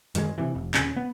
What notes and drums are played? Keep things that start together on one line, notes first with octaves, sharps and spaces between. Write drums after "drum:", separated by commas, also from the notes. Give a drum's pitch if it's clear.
F#2 D#3 G3 G#3, drum: hi-hat
C3 E3
F1
D#1 C#3 C#4, drum: clap
B3